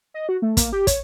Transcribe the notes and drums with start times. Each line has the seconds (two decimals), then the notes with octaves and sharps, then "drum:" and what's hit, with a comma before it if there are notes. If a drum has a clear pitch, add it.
0.14 D#5
0.29 F#4
0.42 A3
0.57 A#3, drum: kick, hi-hat
0.73 G4
0.87 C#5, drum: kick, hi-hat